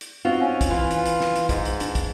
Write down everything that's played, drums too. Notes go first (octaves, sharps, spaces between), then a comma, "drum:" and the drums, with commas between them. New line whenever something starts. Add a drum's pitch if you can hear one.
drum: hi-hat
C4 D#4 F4 F#4
C#4
drum: kick, hi-hat
E3 F4
drum: hi-hat
drum: hi-hat
drum: snare
drum: hi-hat
G#2, drum: kick, hi-hat
drum: hi-hat
D4, drum: hi-hat
drum: kick, hi-hat